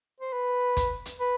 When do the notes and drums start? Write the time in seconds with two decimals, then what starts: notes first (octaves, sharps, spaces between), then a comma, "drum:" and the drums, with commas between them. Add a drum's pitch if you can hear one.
0.20 C5
0.33 B4
0.77 drum: kick, hi-hat
1.05 drum: hi-hat
1.20 B4